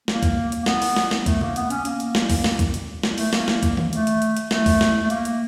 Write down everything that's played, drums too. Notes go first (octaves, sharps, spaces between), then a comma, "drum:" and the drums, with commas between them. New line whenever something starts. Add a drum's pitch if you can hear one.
A#3, drum: snare
drum: kick, hi-hat
drum: hi-hat
A#3
B3, drum: snare
drum: open hi-hat
drum: snare
drum: snare
A3, drum: kick, hi-hat
A#3, drum: tom C3
B3, drum: hi-hat
C#4, drum: hi-hat
A#3, drum: hi-hat
drum: hi-hat
drum: snare
drum: kick, open hi-hat
drum: snare
drum: kick, hi-hat
drum: hi-hat
drum: snare
A3, drum: open hi-hat
A#3, drum: snare
drum: snare
drum: kick, hi-hat
drum: tom D#3
A3, drum: hi-hat
drum: hi-hat
drum: hi-hat
drum: hi-hat
A3, drum: snare
drum: kick, open hi-hat
drum: snare
A3
A#3, drum: hi-hat
drum: hi-hat